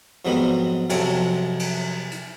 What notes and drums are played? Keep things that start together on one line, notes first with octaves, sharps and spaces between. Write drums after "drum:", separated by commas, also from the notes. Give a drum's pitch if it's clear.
F2 G#2 F#3 G3 B3 B5
F2 C3 F#3, drum: cymbal
drum: cymbal
drum: hi-hat